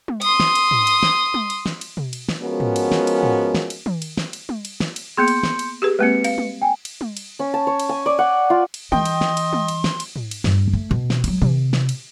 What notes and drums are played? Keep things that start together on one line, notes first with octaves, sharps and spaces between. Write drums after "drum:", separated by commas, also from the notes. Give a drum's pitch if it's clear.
drum: tom
C6 D#6, drum: cymbal
drum: snare
drum: cymbal
drum: tom
drum: cymbal
drum: snare
drum: tom
drum: cymbal
drum: snare
drum: cymbal
drum: tom B2
drum: cymbal
drum: snare
F3 G#3 B3 C#4 F#4 A#4
drum: tom
drum: cymbal
drum: snare
drum: cymbal
drum: tom
drum: snare
drum: cymbal
drum: tom
drum: cymbal
drum: snare
drum: cymbal
drum: tom
drum: cymbal
drum: snare
drum: cymbal
A#3 B3 G#4 C6 G6 C#7
drum: cymbal
drum: snare
drum: cymbal
G4 G#4 B4
G#3 A#3 C4 B4 C#7
F5, drum: cymbal
drum: tom
G5 G#5
drum: cymbal
drum: tom
drum: cymbal
C#4
A5
C#5
drum: cymbal
G#5
D5
F#5
F4
drum: cymbal
E3 D#5 G5 C6, drum: tom
drum: cymbal
drum: snare
drum: cymbal
drum: tom
drum: cymbal
drum: snare
drum: cymbal
drum: tom
drum: cymbal
G2, drum: snare
A3
B2
drum: snare
F#3 G#3, drum: cymbal
C3, drum: tom
drum: snare
drum: cymbal